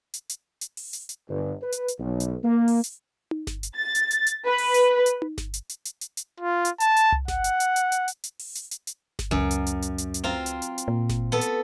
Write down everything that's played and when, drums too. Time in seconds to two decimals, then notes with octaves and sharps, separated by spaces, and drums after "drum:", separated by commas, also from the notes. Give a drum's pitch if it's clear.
0.14 drum: hi-hat
0.29 drum: hi-hat
0.61 drum: hi-hat
0.77 drum: open hi-hat
0.93 drum: hi-hat
1.09 drum: hi-hat
1.29 G1
1.62 B4
1.72 drum: hi-hat
1.88 drum: hi-hat
1.99 B1
2.20 drum: hi-hat
2.44 A#3
2.68 drum: open hi-hat
2.84 drum: hi-hat
3.31 drum: tom D#4
3.47 drum: snare G1
3.63 drum: hi-hat
3.75 A6
3.95 drum: hi-hat
4.11 drum: hi-hat
4.27 drum: hi-hat
4.47 B4
4.58 drum: open hi-hat
4.74 drum: hi-hat
5.06 drum: hi-hat
5.22 drum: tom D#4
5.38 drum: snare G1
5.54 drum: hi-hat
5.69 drum: hi-hat
5.85 drum: hi-hat
6.01 drum: hi-hat
6.17 drum: hi-hat
6.40 F4
6.65 drum: hi-hat
6.80 A5, drum: hi-hat
6.97 drum: hi-hat
7.12 drum: tom C2
7.28 F#5, drum: snare G1
7.44 drum: hi-hat
7.60 drum: hi-hat
7.76 drum: hi-hat
7.92 drum: hi-hat
8.08 drum: hi-hat
8.24 drum: hi-hat
8.39 drum: open hi-hat
8.55 drum: hi-hat
8.71 drum: hi-hat
8.87 drum: hi-hat
9.19 drum: snare G1
9.31 C#2 F#2
9.51 drum: hi-hat
9.66 drum: hi-hat
9.82 drum: hi-hat
9.98 drum: hi-hat
10.14 drum: hi-hat
10.24 C4 F4 A#5
10.46 drum: hi-hat
10.62 drum: hi-hat
10.78 drum: hi-hat
10.88 A#2
11.09 drum: snare G1
11.32 B3 A4
11.41 drum: hi-hat